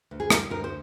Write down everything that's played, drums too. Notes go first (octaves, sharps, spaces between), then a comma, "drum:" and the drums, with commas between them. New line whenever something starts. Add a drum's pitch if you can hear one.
D2
G#4
G3 A#4, drum: rim click
D2 A#4
C5